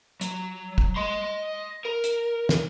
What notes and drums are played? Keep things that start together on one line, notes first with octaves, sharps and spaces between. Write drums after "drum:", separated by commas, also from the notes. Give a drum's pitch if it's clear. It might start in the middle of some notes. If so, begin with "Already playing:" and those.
F#3, drum: hi-hat
drum: kick
D#5 C6
A#4
drum: hi-hat
drum: snare